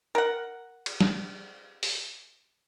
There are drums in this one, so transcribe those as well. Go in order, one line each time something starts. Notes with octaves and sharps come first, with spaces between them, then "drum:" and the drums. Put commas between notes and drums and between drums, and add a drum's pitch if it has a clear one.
A#4 F#5
drum: cymbal
drum: snare
drum: open hi-hat